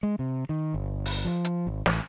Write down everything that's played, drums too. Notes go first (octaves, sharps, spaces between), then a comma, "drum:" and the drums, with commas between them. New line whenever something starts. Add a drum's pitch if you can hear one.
G#3
C3
D#3
G1
drum: open hi-hat
F3
drum: hi-hat
G#1
A1, drum: snare